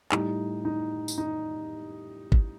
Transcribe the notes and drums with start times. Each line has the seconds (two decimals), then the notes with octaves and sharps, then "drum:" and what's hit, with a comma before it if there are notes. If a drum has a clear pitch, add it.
0.12 A2 G3 D#4, drum: clap
0.65 D#4
1.08 drum: tambourine
1.18 D#4
2.32 drum: kick